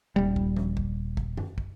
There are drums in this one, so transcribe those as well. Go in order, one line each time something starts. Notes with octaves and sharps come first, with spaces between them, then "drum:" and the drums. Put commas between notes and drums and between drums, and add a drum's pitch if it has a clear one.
D#1 G3
drum: kick
drum: tom F3
drum: kick
drum: kick
drum: tom G2
drum: kick